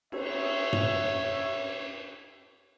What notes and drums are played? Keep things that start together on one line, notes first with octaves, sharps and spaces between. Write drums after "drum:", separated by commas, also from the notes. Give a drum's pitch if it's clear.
C#5 E5, drum: cymbal
drum: tom